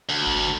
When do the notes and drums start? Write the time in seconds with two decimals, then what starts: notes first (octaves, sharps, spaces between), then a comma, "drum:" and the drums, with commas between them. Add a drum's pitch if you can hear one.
0.09 D2
0.27 drum: kick G#1